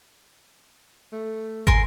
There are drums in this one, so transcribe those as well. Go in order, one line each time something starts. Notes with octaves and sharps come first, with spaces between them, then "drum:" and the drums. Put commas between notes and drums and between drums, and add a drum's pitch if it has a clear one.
A3
A#4 G#5 C6, drum: kick